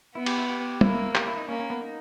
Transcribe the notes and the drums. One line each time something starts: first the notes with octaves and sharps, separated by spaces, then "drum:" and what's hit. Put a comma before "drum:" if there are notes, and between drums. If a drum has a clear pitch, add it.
B3 E4
G4, drum: cymbal
E4
G4
A#3 E4, drum: tom
G4, drum: clap
E4
D#4
A#3 C#4
C#4
B3
D#4